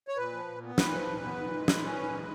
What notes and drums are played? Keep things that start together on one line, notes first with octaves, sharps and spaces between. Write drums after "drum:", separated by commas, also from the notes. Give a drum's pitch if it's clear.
C#5
A#2 B4
F3
A#2
B3
A#2 B4, drum: snare
F3
A#2
B3
A#2
G#3
A#2, drum: snare
C#4
A#2
G#3